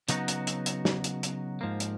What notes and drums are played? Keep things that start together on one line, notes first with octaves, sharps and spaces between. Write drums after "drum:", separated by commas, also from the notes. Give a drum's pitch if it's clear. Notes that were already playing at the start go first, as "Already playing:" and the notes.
C#3 F#3 B3 D#4 F#4, drum: hi-hat
drum: hi-hat
drum: hi-hat
drum: hi-hat
drum: snare
drum: hi-hat
drum: hi-hat
G#2 F3 A#3
drum: hi-hat